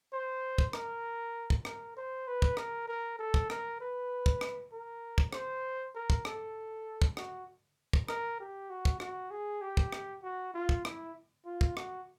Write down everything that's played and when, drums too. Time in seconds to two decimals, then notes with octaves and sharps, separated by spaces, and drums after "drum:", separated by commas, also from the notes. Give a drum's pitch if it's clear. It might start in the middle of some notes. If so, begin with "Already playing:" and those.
0.12 C5
0.58 drum: kick
0.73 A#4, drum: rim click
1.50 drum: kick
1.65 A#4, drum: rim click
1.97 C5
2.27 B4
2.42 drum: kick
2.57 A#4, drum: rim click
2.88 A#4
3.19 A4
3.34 drum: kick
3.50 A#4, drum: rim click
3.80 B4
4.26 drum: kick
4.41 drum: rim click
4.72 A#4
5.18 drum: kick
5.33 C5, drum: rim click
5.95 A#4
6.10 drum: kick
6.25 A4, drum: rim click
7.02 drum: kick
7.17 F#4, drum: rim click
7.93 drum: kick
8.08 A#4, drum: rim click
8.40 G4
8.70 F#4
8.85 drum: kick
9.00 F#4, drum: rim click
9.31 G#4
9.61 G4
9.77 drum: kick
9.93 drum: rim click
10.23 F#4
10.54 F4
10.69 drum: kick
10.85 E4, drum: rim click
11.45 F4
11.61 drum: kick
11.77 F#4, drum: rim click